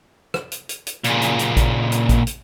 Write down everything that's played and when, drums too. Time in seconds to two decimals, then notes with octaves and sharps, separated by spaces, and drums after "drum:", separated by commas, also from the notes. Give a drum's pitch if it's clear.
0.34 drum: rim click
0.52 drum: hi-hat
0.69 drum: hi-hat
0.87 drum: hi-hat
1.04 A#2 C#3, drum: hi-hat
1.22 drum: hi-hat
1.39 drum: hi-hat
1.57 drum: kick A1, hi-hat
1.92 drum: hi-hat
2.09 drum: kick A1, hi-hat
2.27 drum: hi-hat